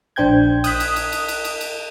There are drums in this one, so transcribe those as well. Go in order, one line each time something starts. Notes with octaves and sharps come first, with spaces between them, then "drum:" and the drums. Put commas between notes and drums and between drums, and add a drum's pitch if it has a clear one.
A#1 D4 C5 G5 G6 G#6
D#6 F#6 B6, drum: cymbal
drum: cymbal
drum: cymbal
drum: cymbal
drum: cymbal
drum: cymbal
drum: cymbal